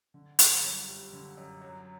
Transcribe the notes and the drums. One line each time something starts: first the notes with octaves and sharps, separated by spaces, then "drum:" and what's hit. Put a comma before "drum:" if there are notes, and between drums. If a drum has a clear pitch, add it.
D3
F#2, drum: hi-hat
G1
G3
D3
F#2
F#3